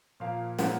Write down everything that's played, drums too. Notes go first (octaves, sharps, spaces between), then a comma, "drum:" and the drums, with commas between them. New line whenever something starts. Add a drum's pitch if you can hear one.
A#2 F3 A#3 F5
A#2 F3 A#3 F#5, drum: snare